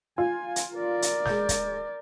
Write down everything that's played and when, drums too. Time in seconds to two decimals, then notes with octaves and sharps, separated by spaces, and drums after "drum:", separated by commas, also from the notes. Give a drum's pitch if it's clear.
0.18 F4 G#5
0.56 drum: hi-hat
0.75 A#4 D5
1.02 drum: hi-hat
1.26 G#3 G6, drum: snare
1.49 drum: kick, hi-hat